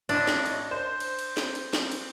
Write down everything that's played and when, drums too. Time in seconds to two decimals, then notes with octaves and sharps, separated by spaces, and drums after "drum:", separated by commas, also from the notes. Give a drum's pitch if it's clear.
0.09 A1 C#4 D4 D#5, drum: cymbal
0.27 drum: snare
0.46 drum: cymbal
0.71 C5
1.00 drum: cymbal
1.19 drum: cymbal
1.37 drum: snare
1.55 drum: cymbal
1.73 drum: snare
1.92 drum: cymbal